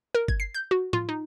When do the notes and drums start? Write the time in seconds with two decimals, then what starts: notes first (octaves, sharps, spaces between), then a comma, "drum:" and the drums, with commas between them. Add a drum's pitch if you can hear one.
0.15 A#4
0.28 G#6, drum: kick G1
0.40 C7
0.54 G6
0.71 F#4
0.93 F4, drum: tom A2
1.09 D#4